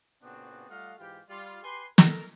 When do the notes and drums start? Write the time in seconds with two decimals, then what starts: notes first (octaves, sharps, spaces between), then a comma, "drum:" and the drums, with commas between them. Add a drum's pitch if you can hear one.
0.23 A#2 C#3 B3 C4 D4 F#4
0.69 G3 A3 F4 D#5 F5 F#5
0.99 G#2 E3 F4 G4
1.29 G3 F4
1.63 G4 B4 G#5 C6
1.98 A4 A#4, drum: snare